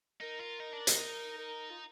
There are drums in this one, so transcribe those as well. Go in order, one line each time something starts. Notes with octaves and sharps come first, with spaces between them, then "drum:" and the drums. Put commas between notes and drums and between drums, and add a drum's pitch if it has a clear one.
D#4 A#4
F4
D#4
D4
D#4, drum: hi-hat
A#4
F4